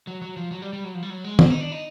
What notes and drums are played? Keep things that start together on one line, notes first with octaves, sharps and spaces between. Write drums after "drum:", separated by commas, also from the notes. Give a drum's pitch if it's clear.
F#3
F#3
F3
F#3
G3
G3
F#3
F3
G3
F#3
G#3
C4, drum: tom
D#4
D4
D#4